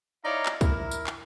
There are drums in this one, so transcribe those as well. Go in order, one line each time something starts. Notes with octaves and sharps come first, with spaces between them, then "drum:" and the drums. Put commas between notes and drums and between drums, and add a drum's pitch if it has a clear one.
D#4 E4 C#5 D5 F5 A#5
drum: clap
E4 A#4, drum: kick, tambourine
drum: tambourine
drum: clap